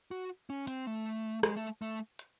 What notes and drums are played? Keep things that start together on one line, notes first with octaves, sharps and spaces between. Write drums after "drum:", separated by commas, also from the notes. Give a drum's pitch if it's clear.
F#4
C#4
C4, drum: hi-hat
A3
G#3, drum: rim click
A3
A3
drum: hi-hat